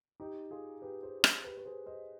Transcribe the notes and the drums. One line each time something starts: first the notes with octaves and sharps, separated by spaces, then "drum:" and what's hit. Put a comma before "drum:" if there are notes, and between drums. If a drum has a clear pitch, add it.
D#4 G4
F4 G#4
G4 B4
G#4 C5
G#4 C5, drum: rim click
G4 B4
B4
G#4 C5
C5 D#5